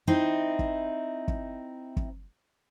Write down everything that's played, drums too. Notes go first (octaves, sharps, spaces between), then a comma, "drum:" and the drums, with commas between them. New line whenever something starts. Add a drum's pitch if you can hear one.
C4 D#4 E4
drum: kick
drum: kick
drum: kick